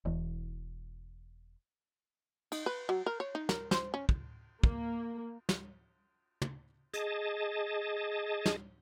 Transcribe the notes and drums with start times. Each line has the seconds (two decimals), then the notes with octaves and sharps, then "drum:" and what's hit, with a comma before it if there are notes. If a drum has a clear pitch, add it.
0.05 E1 E2
2.52 D#4, drum: cymbal
2.66 B4
2.89 F#3
3.06 A#4
3.20 C#5
3.35 D#4
3.49 A#4, drum: snare
3.71 C5, drum: snare
3.94 C#4
4.09 drum: kick
4.64 A#3, drum: kick
5.49 drum: snare
6.42 drum: tom
6.94 G#4 D#5 A5, drum: hi-hat
8.46 drum: snare